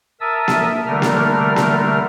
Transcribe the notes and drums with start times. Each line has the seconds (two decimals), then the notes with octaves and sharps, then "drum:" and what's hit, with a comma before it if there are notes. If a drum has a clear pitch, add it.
0.21 A#4 E5 A5 D#6 E6
0.48 drum: snare A#3
0.86 D3 G3 A3 A#4 F6
1.02 drum: snare A#3
1.56 drum: snare A#3